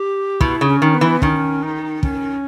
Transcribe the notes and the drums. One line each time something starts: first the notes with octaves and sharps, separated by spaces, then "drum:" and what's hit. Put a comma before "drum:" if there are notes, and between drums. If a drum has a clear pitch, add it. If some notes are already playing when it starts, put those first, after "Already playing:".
Already playing: G4
B2 E4, drum: kick
C#3
C#4
D#3
B3
E3
D#3 C#4, drum: kick
D#4
C#4, drum: kick